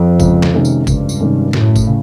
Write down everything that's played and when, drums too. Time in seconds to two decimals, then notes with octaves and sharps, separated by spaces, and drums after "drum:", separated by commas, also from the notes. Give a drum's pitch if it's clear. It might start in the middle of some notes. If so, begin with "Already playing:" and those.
Already playing: F2
0.20 C#2, drum: kick, tambourine
0.42 drum: snare
0.54 C3 D#3 G#3 C#4
0.65 drum: tambourine
0.87 C#2 G2, drum: kick, tambourine
1.09 drum: tambourine
1.21 C3 D#3 G#3 C#4
1.53 F#2 A2, drum: snare
1.76 drum: kick, tambourine
1.87 C#3